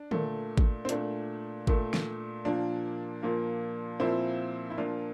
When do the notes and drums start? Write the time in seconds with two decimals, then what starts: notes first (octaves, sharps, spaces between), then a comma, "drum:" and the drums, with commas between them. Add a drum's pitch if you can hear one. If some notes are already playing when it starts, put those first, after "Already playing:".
Already playing: D4
0.11 A#2 A3, drum: tom
0.58 drum: kick G#1
0.85 C4
0.89 A#2 A3 D4, drum: hi-hat
1.67 A#2 A3, drum: kick G#1
1.94 drum: snare
2.45 A#2 F3 A#3 D4
3.23 A#2 F3 A#3
4.00 A#2 F3 A#3 C4 E4
4.70 E4
4.78 A#2 F3 A#3 D4 F4